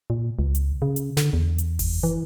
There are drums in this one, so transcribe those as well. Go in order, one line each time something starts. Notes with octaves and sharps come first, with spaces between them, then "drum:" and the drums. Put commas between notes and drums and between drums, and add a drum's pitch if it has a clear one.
A#2
C#2
drum: hi-hat
C#3
drum: hi-hat
D3, drum: snare
E2
drum: hi-hat
drum: kick F#1, open hi-hat
E3